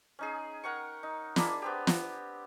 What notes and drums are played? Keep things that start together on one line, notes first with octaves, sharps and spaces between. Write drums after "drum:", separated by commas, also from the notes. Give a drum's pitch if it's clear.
C#4 D#4 G#4
A#4 F#5 G5 C#6
D#4
A#3 D4 G#4 B5, drum: snare
B3 C4 G4
drum: snare